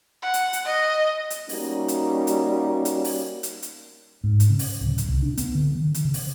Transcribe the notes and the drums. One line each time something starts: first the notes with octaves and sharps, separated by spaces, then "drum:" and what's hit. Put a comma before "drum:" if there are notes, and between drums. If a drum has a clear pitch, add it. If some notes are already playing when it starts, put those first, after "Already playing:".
F#5
drum: hi-hat
drum: hi-hat
D#5
drum: hi-hat
G3 A#3 C#4 D#4 F#4, drum: open hi-hat
drum: hi-hat
drum: hi-hat
drum: hi-hat
drum: open hi-hat
drum: hi-hat
drum: hi-hat
G#2
drum: hi-hat
C#3
drum: open hi-hat
D1
drum: hi-hat
C2
D4
B3, drum: hi-hat
D3
D#3
drum: hi-hat
C#3
drum: open hi-hat